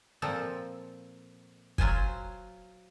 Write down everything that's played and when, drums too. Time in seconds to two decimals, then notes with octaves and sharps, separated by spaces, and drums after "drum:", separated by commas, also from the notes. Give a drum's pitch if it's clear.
0.22 A#2 F3 C4 A4
1.78 F#3 F4 C5 G#5, drum: kick